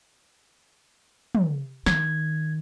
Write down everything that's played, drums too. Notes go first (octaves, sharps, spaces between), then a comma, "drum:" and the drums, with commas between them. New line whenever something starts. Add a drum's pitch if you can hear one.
drum: tom
D#3 G#6, drum: snare